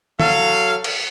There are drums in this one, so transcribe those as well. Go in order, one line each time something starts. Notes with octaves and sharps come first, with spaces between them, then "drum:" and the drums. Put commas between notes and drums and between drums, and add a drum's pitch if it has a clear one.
F#3 A4 F5, drum: tom
drum: cymbal